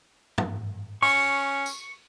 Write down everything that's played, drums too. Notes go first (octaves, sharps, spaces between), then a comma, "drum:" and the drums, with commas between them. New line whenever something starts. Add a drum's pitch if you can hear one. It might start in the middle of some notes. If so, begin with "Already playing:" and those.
drum: tom G2
C#4 C#6, drum: open hi-hat
drum: tambourine